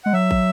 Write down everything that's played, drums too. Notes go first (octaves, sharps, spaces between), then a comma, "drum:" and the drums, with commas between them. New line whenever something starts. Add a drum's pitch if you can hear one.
G#3 F#5
F#3 E5
drum: kick